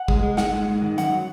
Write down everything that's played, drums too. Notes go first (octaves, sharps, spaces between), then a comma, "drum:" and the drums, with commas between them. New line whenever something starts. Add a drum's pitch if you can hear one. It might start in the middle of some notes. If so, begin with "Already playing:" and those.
Already playing: F#5
G#3, drum: kick
G#3
G#2 F#5, drum: snare
G#3
G#2
D#3
F#2 F#5, drum: hi-hat
F#3